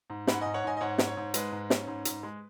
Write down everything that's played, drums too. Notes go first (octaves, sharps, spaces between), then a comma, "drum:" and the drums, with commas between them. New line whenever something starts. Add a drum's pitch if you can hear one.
G#2
G#2 F#5 B5, drum: snare
G#2 D#5 G#5
C#5 F#5
G#2 D#5 G#5
D#5
G#2 C#5 F#5
G#2, drum: snare
C#5
G#2
G#3 B4, drum: hi-hat
G#2
C#4, drum: snare
G#2
G#2, drum: hi-hat
G#3